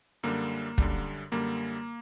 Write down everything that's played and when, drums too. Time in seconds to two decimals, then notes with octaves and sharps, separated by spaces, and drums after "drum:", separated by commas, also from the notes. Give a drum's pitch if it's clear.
0.23 F#2 D3 G3 A#3
0.78 F#2 D3 G3, drum: kick
1.32 F#2 D3 G3 A#3